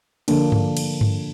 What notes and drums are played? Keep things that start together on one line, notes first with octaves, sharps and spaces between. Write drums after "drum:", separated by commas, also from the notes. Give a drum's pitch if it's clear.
D3 F3 A#3 D4, drum: cymbal
drum: tom G2
drum: cymbal
drum: tom G2